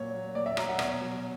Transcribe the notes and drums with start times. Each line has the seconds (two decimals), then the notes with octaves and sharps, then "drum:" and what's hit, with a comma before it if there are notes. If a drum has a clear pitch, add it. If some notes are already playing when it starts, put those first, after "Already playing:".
Already playing: A#2 F#3 C#5
0.14 F#3
0.35 A#2 D5
0.46 E5
0.57 F#3 A#5, drum: rim click
0.68 F#5
0.79 B2 C#5, drum: rim click
1.01 F#3